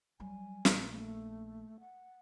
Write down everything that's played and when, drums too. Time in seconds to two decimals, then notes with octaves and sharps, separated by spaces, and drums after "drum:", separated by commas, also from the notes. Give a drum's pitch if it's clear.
0.20 F#3 G3 G#5
0.65 A#1, drum: snare
0.88 A3
1.80 F#5